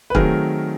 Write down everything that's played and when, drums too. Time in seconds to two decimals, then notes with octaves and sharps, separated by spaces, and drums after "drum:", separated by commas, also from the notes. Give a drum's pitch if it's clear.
0.10 B4
0.15 D#3 F#3 A3 C4 G#4 A#4, drum: kick